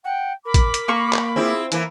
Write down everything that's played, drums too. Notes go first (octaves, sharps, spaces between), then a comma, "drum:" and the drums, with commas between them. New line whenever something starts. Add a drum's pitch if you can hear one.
F#5 G5
A#4 B5 D6
drum: kick A1, hi-hat
drum: hi-hat
A#3 C#6
drum: clap
C4 E4 F4 G#4
E3 A#3 E4, drum: hi-hat